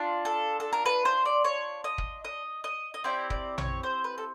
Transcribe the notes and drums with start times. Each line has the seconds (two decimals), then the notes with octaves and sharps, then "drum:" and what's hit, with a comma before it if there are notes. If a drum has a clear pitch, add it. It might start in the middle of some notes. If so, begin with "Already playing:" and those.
Already playing: D4 F4
0.25 A4
0.60 A4
0.73 A#4
0.86 B4
1.05 C5
1.25 D5
1.44 C#5
1.84 D#5
1.98 drum: kick
2.25 D#5
2.64 D#5
2.94 D#5
3.04 C4 E4 G4 D5
3.30 D5, drum: kick
3.58 C#5, drum: tom A#1
3.83 C5
4.04 B4
4.18 A4